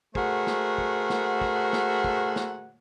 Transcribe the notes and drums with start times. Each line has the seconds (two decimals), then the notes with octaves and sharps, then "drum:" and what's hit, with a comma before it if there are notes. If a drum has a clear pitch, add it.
0.15 A3 F#4 G#4 A#4 C5 F#5, drum: kick
0.47 drum: snare
0.78 drum: kick
1.10 drum: snare
1.41 drum: kick
1.73 drum: snare
2.04 drum: kick
2.36 drum: snare